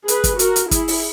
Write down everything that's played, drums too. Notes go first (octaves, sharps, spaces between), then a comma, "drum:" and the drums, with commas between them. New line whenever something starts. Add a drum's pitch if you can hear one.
G#4 B4, drum: hi-hat
drum: kick, hi-hat
F#4 A#4, drum: hi-hat
drum: hi-hat
E4 G#4, drum: kick, hi-hat
drum: open hi-hat